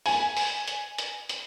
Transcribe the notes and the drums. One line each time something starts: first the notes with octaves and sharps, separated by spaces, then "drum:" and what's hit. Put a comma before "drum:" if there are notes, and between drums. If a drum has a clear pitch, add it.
G#5, drum: open hi-hat
drum: open hi-hat
drum: hi-hat
drum: hi-hat
drum: hi-hat